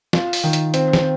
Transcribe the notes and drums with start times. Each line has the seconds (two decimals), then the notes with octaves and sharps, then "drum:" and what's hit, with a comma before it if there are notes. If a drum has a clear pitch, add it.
0.13 F4, drum: snare
0.33 drum: open hi-hat
0.44 D#3
0.53 drum: hi-hat
0.74 C4, drum: hi-hat
0.93 drum: snare